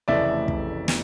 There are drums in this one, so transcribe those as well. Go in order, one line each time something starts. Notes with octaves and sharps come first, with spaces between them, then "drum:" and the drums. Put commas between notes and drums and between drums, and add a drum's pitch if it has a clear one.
F1 F2 C#3 E3 A3 D5 E5
drum: kick
drum: snare